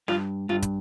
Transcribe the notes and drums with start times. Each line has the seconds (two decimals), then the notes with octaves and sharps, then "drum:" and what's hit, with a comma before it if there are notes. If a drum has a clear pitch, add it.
0.08 G2 F4, drum: snare
0.49 G2 F4
0.62 drum: kick, hi-hat